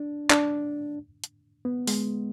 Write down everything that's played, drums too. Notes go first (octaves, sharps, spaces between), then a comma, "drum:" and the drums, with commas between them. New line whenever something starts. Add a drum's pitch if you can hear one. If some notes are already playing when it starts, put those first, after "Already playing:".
Already playing: D4
D4, drum: clap
drum: hi-hat
B3
G#3, drum: open hi-hat